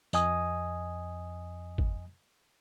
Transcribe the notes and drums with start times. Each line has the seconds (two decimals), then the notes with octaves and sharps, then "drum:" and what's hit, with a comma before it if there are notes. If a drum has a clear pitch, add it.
0.13 F2 D#5 G#5 D#6, drum: tambourine
1.78 drum: kick